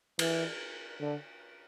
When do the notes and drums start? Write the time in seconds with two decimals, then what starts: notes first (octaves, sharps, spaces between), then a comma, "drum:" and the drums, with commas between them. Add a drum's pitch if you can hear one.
0.19 E3, drum: cymbal
1.01 D3